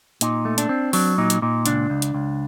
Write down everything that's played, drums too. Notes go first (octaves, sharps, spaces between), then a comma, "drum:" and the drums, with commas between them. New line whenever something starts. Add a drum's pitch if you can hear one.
A#2 D#4, drum: hi-hat
A3
D4, drum: hi-hat
C4
F#3 D4, drum: open hi-hat
A#2 D#4
drum: hi-hat
A#2 D#4
C#2 D4, drum: hi-hat
C#2
drum: hi-hat
C#2